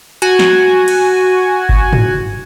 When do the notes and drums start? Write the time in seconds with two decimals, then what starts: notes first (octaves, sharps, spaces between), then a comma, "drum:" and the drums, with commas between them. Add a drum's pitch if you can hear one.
0.22 F#4 G#5, drum: hi-hat
0.39 drum: snare
0.88 drum: cymbal
1.69 drum: kick G1
1.93 drum: tom